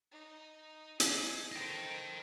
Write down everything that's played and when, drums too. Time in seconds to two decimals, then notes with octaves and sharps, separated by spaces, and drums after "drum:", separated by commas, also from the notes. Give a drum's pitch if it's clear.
0.11 D#4
1.00 G#4 D#5, drum: hi-hat
1.52 A4 C5 D#5 G5